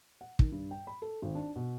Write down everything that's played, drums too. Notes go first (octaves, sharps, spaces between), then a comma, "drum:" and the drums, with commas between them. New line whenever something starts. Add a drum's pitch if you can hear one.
F#5
D#3, drum: kick
G2
G5
B5
A4
G#1
D4
B2